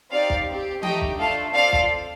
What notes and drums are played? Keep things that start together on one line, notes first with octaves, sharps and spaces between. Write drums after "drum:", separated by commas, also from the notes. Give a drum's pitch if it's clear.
C4 D#4 G4 D5 F5
drum: kick
C4 G4
A3 D#4 G4 D#5 G5, drum: tom E3
drum: kick
A3 D4 F4 A4 F5 A5
C4 F4 A4 D5 F5
drum: kick